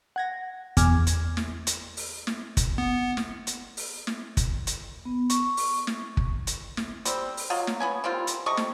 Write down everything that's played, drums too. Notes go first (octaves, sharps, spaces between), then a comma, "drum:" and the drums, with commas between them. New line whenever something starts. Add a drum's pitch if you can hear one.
F#5 G#6 A#6
E2 G#5 D6 F6 G#6, drum: kick, hi-hat
drum: hi-hat
drum: snare
drum: hi-hat
drum: open hi-hat
drum: snare
drum: kick, hi-hat
B3
drum: snare
drum: hi-hat
drum: open hi-hat
drum: snare
drum: kick, hi-hat
drum: hi-hat
B3
C#6, drum: hi-hat
drum: open hi-hat
drum: snare
drum: kick
drum: hi-hat
drum: snare
G3 C4, drum: hi-hat
drum: open hi-hat
F#3 F4 D#5
drum: snare
B3 C#4 G#5
D#3 G3 C4 F4
drum: hi-hat
C3 A3 D#5 C#6
drum: snare